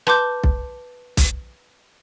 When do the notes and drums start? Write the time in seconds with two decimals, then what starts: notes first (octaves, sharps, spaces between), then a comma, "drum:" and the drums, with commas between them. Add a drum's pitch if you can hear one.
0.07 B4 A5 C6 D6 G6, drum: rim click
0.44 drum: kick B1
1.17 drum: kick B1, hi-hat